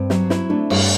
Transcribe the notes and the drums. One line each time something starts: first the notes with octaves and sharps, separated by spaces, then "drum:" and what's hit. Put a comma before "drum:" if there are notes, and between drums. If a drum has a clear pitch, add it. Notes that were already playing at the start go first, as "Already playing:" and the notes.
Already playing: G2 C4
F#3, drum: snare
E4, drum: snare
A3 D4
G2, drum: cymbal